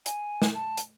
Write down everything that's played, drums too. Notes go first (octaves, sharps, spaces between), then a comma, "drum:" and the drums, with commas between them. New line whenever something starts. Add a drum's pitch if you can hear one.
G#5, drum: hi-hat
drum: snare
A5
drum: hi-hat